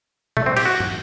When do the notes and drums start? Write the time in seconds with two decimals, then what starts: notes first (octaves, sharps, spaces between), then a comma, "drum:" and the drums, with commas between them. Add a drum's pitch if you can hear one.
0.37 A3, drum: tom A#2
0.46 C4
0.57 G4, drum: cymbal
0.65 F#4
0.80 drum: tom